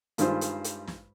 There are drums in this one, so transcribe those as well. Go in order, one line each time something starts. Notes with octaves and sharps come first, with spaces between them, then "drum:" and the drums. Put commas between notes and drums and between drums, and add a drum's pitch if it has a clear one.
G2 D#3 G3 G#3 F4 C5, drum: hi-hat
drum: hi-hat
drum: hi-hat
drum: snare